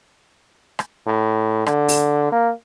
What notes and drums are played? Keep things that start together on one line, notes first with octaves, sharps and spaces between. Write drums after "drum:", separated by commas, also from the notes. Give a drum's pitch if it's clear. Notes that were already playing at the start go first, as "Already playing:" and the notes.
drum: rim click
A2
D3, drum: rim click
drum: open hi-hat
A#3